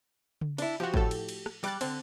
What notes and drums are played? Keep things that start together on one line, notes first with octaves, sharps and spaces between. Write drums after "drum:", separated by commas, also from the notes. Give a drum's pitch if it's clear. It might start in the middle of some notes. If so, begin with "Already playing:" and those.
drum: tom C#3
D4 E4, drum: cymbal
F3 F#4 G4
A2 A4, drum: kick
drum: cymbal
drum: cymbal
drum: rim click
G3 D6 F#6 A6, drum: cymbal
D3 C4, drum: cymbal